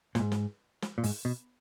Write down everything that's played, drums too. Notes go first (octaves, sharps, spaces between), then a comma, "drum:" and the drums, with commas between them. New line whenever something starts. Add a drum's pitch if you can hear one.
A#2, drum: snare
G#2
drum: snare
drum: snare
A#2
G#2, drum: open hi-hat
B2